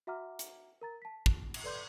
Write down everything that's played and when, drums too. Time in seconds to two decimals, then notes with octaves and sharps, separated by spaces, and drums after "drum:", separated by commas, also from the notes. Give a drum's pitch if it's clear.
0.07 F#4 E5 F#5 A#5 D6 F6
0.39 drum: hi-hat
0.81 A#4 A#5 A6
1.02 A5 B6
1.26 drum: kick
1.54 drum: cymbal
1.64 A4 B4 D5 C6 G6